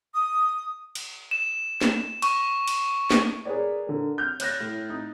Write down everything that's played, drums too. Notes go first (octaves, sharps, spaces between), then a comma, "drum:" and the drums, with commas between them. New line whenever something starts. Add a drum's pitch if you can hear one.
D#6
drum: cymbal
E7
drum: snare
C#6, drum: cymbal
drum: cymbal
drum: snare
G#4 A#4 B4 C#5 D5
D3 A#4
F6 G6
C#5 F#6 A6 A#6, drum: cymbal
A2
D#4